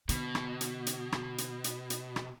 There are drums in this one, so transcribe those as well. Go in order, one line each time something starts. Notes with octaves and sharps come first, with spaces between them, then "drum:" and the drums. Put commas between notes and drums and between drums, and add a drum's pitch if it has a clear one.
B2 D3, drum: hi-hat
drum: rim click
drum: hi-hat
drum: hi-hat
drum: rim click
drum: hi-hat
drum: hi-hat
drum: hi-hat
drum: rim click